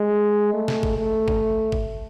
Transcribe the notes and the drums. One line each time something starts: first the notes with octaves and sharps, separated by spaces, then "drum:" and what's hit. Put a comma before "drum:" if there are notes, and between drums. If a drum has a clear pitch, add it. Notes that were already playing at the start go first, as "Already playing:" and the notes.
Already playing: G#3
A3
drum: snare
drum: kick G1
A3
drum: kick G1
drum: kick G1